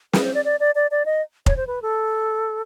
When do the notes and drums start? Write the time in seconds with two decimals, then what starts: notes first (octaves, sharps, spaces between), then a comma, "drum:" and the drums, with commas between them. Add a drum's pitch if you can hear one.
0.13 B4, drum: snare
0.24 C5
0.34 D5
0.45 D5
0.60 D5
0.75 D5
0.91 D5
1.06 D#5
1.46 C#5, drum: kick F1
1.57 C5
1.67 B4
1.82 A4